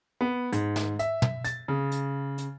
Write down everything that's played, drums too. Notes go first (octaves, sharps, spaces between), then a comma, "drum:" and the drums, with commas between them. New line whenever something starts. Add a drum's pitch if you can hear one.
B3
G#2, drum: hi-hat
drum: snare
E5, drum: hi-hat
drum: tom
A6, drum: hi-hat
C#3
drum: hi-hat
drum: hi-hat